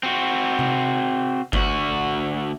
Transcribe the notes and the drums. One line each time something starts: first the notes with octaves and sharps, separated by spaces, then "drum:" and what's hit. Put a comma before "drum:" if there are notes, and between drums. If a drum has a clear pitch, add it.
C4 F#4
drum: tom C3
D2 F#4, drum: kick G1